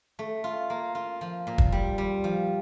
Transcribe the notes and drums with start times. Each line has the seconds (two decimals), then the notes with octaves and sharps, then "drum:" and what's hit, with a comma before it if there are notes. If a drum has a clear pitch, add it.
0.19 A3
0.44 F4
0.70 A#3
0.95 F4
1.21 F3
1.47 A#2
1.58 drum: kick
1.72 G3
1.98 G3
2.24 F3